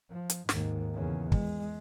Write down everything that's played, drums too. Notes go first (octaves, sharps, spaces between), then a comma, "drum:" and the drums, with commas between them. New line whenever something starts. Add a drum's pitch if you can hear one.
F3
drum: hi-hat
D#2 G#2, drum: snare
E2 C#3
G#3, drum: kick